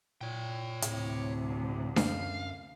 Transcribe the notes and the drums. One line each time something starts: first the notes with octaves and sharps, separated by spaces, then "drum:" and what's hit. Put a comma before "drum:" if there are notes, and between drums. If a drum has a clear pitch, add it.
A#2 C#5 G5
D2 A2 C3, drum: hi-hat
F#2 F5, drum: snare D4